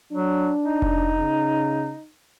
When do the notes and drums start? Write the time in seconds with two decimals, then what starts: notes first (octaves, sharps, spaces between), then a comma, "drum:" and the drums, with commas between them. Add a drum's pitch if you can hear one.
0.12 F#3 D4
0.63 D#4
0.82 drum: kick F1
1.19 C#3